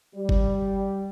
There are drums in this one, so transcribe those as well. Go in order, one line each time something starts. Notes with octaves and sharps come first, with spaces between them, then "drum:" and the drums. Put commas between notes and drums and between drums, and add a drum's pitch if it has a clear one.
G3
drum: kick G1